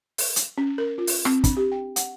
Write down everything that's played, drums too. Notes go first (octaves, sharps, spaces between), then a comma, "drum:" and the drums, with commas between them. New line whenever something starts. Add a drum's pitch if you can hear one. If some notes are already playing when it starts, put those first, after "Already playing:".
drum: open hi-hat
drum: hi-hat
C#4
A#4
F4
drum: open hi-hat
C4, drum: rim click
D4, drum: kick, hi-hat
G4
G5
F#5, drum: hi-hat